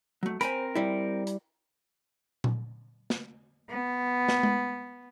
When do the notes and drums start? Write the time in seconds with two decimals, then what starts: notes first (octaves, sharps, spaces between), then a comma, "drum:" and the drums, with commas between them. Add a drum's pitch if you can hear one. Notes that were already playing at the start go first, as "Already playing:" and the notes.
0.23 F#3 A3
0.41 C4 A#4 C5 G#5 B5, drum: hi-hat
0.75 G3 E4
1.27 drum: hi-hat
2.44 drum: tom A#2
3.10 drum: snare
3.69 B3
4.29 drum: snare
4.43 drum: tom G#3